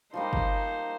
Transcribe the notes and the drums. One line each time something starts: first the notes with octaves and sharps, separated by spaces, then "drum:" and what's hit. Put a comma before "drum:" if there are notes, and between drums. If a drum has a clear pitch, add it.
F3 G3 A#3 D#4 C5
drum: kick